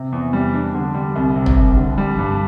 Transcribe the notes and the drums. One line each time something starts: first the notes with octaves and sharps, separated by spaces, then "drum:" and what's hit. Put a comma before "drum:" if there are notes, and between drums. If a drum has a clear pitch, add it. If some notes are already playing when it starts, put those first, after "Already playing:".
Already playing: C3
E2
G3
D4
D3
G3
C2
C3
drum: tom
C2
D3
G3
G2